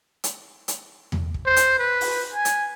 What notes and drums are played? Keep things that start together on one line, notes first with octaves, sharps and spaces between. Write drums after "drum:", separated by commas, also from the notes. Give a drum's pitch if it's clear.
drum: hi-hat
drum: hi-hat
drum: tom E2
drum: kick
C5
drum: hi-hat
B4
drum: open hi-hat
G#5
drum: hi-hat